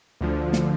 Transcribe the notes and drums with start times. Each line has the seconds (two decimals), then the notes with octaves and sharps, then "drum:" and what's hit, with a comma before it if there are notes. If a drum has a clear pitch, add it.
0.21 D2 D3 F3
0.53 drum: snare